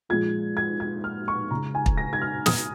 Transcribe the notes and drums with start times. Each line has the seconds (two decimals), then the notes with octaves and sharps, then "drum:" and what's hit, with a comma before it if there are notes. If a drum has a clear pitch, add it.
0.09 A#2 F3 G#3 G#6
0.57 G#6
0.80 G#6
1.04 F6
1.28 C#6
1.51 C#3 G#3 A#5
1.75 G#5
1.86 drum: kick
1.98 A#6
2.13 G#6
2.22 F6
2.46 D#6, drum: snare